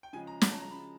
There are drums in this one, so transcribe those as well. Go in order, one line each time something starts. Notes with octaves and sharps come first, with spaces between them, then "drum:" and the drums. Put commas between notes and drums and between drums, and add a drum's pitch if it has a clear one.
G5
C#3 F3 G#3 G#5
A#5
A#5, drum: snare
A5
A#5
B5